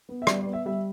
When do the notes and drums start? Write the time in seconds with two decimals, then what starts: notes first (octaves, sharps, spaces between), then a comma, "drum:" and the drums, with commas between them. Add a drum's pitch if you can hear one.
0.09 B3
0.22 E5
0.27 G3 D5, drum: rim click
0.41 D5
0.46 B3
0.53 E5
0.66 G3 E5